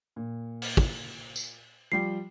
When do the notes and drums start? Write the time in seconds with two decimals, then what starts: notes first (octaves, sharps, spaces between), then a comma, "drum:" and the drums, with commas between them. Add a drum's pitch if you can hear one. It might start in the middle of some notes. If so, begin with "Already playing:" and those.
0.16 A#2
0.62 drum: open hi-hat
0.77 drum: kick
1.36 drum: tambourine
1.92 F3 G3 G5 C7